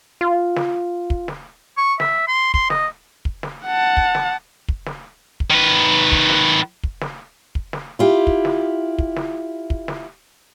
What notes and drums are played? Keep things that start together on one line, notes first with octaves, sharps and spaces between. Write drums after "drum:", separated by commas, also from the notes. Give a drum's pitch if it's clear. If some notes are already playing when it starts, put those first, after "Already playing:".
F4
drum: snare
drum: kick
drum: snare
C#6
E5, drum: snare
C6
C6, drum: kick
D#5, drum: snare
drum: kick
drum: snare
F#5 A5
drum: kick
drum: snare
drum: kick
drum: snare
drum: kick
D#3 B4
drum: kick
drum: snare
drum: kick
drum: snare
drum: kick
drum: snare
E4 F4 G4
drum: kick
drum: snare
drum: kick
drum: snare
drum: kick
drum: snare